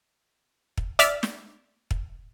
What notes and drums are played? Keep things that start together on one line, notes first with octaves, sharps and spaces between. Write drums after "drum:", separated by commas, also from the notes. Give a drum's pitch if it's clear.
drum: kick
D5 E5 F6, drum: hi-hat
drum: snare
drum: kick